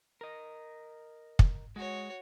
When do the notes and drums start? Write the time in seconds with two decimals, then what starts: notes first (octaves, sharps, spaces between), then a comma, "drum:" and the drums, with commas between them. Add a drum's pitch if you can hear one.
0.21 A#4 D#5
1.39 drum: kick
1.76 G#3 F#4 C#5